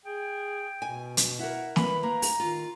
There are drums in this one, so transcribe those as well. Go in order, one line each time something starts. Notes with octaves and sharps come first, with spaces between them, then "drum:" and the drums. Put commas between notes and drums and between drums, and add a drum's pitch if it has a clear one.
G#4 G5
B2 G#5
drum: hi-hat
E4 A#4 F#5
B4 B5, drum: snare
A#3 A#5
drum: open hi-hat
D#3 F4